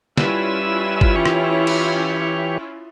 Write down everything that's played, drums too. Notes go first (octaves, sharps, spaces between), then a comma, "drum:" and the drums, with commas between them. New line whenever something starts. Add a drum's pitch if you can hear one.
G3 C#4 E4 F4 B4 E6, drum: snare
drum: kick
E3 G4 C#5
drum: rim click
drum: cymbal